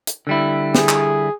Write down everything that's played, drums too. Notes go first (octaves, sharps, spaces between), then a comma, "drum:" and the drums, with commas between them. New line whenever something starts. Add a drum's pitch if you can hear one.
drum: hi-hat
D3 G3 E4
G#4, drum: snare
drum: clap